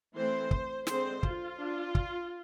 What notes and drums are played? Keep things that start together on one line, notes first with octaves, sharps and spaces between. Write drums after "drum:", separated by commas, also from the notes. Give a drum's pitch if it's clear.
E3 A3 C4 C5
drum: kick
D3 G#3 C4 C5, drum: snare
F4, drum: kick
D4
drum: kick